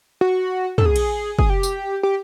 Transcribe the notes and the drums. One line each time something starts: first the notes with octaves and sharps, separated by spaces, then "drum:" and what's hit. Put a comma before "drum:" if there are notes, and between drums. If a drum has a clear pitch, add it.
F#4
A4, drum: tom
G#4
drum: cymbal
G#4, drum: kick
G4
drum: tambourine
G4